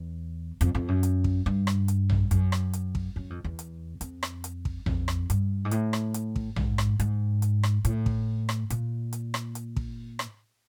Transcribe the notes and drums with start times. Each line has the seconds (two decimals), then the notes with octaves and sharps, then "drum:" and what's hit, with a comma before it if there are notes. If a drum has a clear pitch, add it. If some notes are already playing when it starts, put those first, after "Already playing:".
Already playing: E2
0.61 F2, drum: hi-hat
0.75 F2
0.88 F#2
1.03 drum: hi-hat
1.24 drum: kick
1.46 G2
1.67 drum: rim click
1.88 drum: hi-hat
2.10 drum: tom A#1
2.31 F#2, drum: hi-hat
2.52 drum: rim click
2.73 drum: hi-hat
2.95 drum: kick
3.16 F#2
3.30 F2
3.44 E2
3.59 drum: hi-hat
4.01 F2, drum: hi-hat
4.23 drum: rim click
4.44 drum: hi-hat
4.65 drum: kick
4.86 F2, drum: tom A#1
5.08 drum: rim click
5.30 G2, drum: hi-hat
5.65 G#2
5.71 A2, drum: hi-hat
5.93 drum: rim click
6.14 drum: hi-hat
6.36 drum: kick
6.56 G#2, drum: tom A#1
6.78 drum: rim click
7.00 G#2, drum: hi-hat
7.42 drum: hi-hat
7.63 drum: rim click
7.85 A2, drum: hi-hat
8.06 drum: kick
8.49 drum: rim click
8.70 A#2, drum: hi-hat
9.13 drum: hi-hat
9.34 drum: rim click
9.55 drum: hi-hat
9.76 drum: kick
10.19 drum: rim click